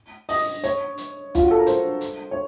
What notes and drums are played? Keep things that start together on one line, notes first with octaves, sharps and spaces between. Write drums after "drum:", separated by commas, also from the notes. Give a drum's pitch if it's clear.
D#5, drum: open hi-hat
C#5, drum: hi-hat
drum: hi-hat
F4, drum: kick, hi-hat
F#4
A4
A#4
C5, drum: hi-hat
drum: hi-hat
C#5